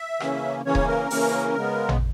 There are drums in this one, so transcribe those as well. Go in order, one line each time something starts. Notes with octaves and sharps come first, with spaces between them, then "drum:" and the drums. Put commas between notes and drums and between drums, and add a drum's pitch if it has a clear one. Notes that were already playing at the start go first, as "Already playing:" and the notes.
Already playing: E5
C#3 E3 A#3 C#4, drum: rim click
C#3 E3 A#3 C#4 C#5
drum: kick D#1
A#4
C#3 E3 A#3 C#4, drum: open hi-hat
C#3 G#3 B3
drum: tom A1